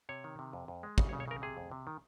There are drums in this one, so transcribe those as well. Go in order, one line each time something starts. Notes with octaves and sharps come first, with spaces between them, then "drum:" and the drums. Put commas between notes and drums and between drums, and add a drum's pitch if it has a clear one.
C3 C#5
D#3
C3
F2
F2
G#3
C#3, drum: kick
C#5
C#3
C#5
C#3 A#4
C3 G#4
F2
C3
D#3